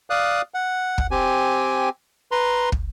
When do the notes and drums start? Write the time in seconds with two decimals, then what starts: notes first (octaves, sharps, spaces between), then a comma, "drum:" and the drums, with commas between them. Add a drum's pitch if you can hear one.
0.10 D5 F5 D#6 F#6
0.54 F#5
0.98 drum: kick
1.11 C4 G4 G#5
2.32 B4 A#5 C6
2.72 drum: kick